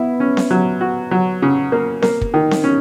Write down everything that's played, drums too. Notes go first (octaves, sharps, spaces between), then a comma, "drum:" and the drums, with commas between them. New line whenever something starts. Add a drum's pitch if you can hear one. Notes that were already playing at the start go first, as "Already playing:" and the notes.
Already playing: B3 E4
C#4
drum: snare C4
F#3
F#4
F#3
C#3
A#3
A#3, drum: snare C4
drum: kick
D#3
drum: snare C4
C#4